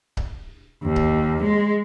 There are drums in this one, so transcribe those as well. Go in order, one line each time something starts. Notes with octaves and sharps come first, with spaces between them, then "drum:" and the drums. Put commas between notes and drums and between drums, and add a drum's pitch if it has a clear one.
drum: kick C#1
D#2
drum: kick C#1
G#3